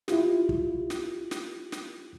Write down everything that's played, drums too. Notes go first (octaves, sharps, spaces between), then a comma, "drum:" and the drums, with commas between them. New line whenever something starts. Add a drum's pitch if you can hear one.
E4 F4 G4, drum: snare
drum: kick
drum: snare
drum: snare
drum: snare